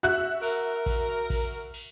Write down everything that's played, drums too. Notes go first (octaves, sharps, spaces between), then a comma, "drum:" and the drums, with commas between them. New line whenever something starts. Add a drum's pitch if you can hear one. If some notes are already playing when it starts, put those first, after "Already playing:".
F#4 E5 F#6
A#4, drum: cymbal
drum: kick A#1, cymbal
drum: kick A#1, cymbal
drum: cymbal